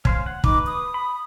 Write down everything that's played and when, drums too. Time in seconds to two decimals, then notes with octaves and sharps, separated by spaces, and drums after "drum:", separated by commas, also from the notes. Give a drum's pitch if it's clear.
0.05 C#4 C5 F5, drum: kick
0.26 F#5
0.44 D#4 B4 D6, drum: kick
0.66 D#6
0.94 B5